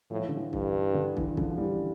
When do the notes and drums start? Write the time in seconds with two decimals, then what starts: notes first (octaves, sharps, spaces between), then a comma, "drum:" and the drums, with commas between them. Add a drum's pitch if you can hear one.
0.10 A2 F3
0.19 E3
0.28 D3
0.37 E3
0.53 G2, drum: kick
0.95 D3
1.17 E3, drum: kick
1.37 D3 F3, drum: kick
1.51 F3
1.58 E3 G3